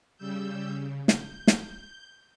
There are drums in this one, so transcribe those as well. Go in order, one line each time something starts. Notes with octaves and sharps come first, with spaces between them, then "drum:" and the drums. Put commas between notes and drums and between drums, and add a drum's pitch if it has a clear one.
C#3 G3 E6 G6
C#3
G6, drum: snare
drum: snare